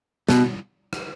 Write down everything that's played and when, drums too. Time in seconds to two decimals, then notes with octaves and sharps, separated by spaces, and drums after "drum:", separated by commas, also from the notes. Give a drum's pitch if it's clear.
0.29 B2, drum: snare
0.93 drum: rim click